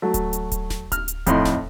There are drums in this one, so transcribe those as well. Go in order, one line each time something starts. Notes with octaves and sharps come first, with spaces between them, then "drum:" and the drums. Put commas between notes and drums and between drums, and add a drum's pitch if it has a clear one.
F#3 A3
drum: kick D1, hi-hat
drum: hi-hat
drum: kick D1, hi-hat
drum: snare D#1
F6, drum: kick D1, hi-hat
drum: hi-hat
F2 A2 D#4 C6, drum: kick D1, hi-hat
drum: snare D#1